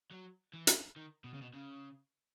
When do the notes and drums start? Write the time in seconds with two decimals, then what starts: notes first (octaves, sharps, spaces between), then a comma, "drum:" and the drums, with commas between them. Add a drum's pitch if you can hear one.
0.11 F#3
0.54 E3
0.67 drum: hi-hat
0.96 D#3
1.24 B2
1.34 C#3
1.41 B2
1.53 C#3